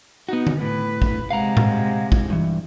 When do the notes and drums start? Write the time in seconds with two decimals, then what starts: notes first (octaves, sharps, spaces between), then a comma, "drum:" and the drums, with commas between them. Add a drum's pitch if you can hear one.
0.29 B3 D#4 F#4
0.47 drum: tom D3
0.61 A2 B4
1.02 drum: kick
1.31 C3 G#3 F5 F#5 A#5
1.57 drum: tom A2
2.12 drum: kick
2.30 G2 E3